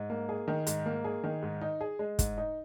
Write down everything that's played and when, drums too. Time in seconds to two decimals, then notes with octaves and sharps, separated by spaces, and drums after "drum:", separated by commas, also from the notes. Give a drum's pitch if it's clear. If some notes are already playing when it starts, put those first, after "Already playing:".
Already playing: G#2
0.10 A#3
0.29 G#4
0.48 D#3
0.67 G#2, drum: hi-hat
0.86 A#3
1.04 G#4
1.24 D#3
1.43 G#2
1.61 D#4
1.81 G#4
1.99 G#3
2.19 G#2, drum: kick, hi-hat
2.37 D#4